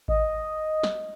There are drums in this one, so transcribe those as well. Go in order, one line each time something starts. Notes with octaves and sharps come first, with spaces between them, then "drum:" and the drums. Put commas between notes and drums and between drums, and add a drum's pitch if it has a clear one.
D#5, drum: kick G#1
drum: snare